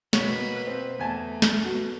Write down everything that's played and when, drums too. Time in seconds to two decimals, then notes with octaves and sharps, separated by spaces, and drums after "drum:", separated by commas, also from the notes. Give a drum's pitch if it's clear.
0.13 B2 A#3 B4 C#5, drum: snare
0.67 C4
0.99 E2 A3 G#5 A5
1.42 drum: snare
1.65 B2